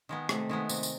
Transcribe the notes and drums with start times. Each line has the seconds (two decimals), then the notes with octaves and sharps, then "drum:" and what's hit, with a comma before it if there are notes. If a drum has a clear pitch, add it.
0.09 D#3 G#3 B3
0.29 C3 A3, drum: rim click
0.49 D#3 G#3 B3
0.69 C3, drum: tambourine
0.83 drum: tambourine